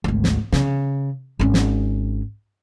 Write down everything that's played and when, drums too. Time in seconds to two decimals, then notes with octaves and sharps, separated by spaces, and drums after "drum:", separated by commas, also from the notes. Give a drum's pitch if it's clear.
0.04 G#1 D2
0.24 drum: snare
0.52 C#3, drum: snare
1.39 G#1 C#4
1.54 drum: snare